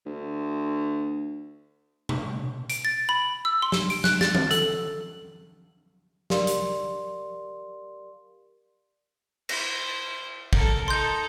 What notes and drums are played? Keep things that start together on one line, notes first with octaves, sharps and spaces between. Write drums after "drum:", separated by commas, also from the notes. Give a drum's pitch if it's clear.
D2
drum: tom B2
D7, drum: hi-hat
A6
B5
E6
C6
drum: snare
D7, drum: open hi-hat
F#6, drum: snare
A6, drum: snare
drum: tom D#3
A4, drum: hi-hat
G4 A#4 D5 F5 C6, drum: snare
drum: hi-hat
E4 C5 A#6, drum: cymbal
A4 A#4, drum: kick
D#4 A4 C6 G6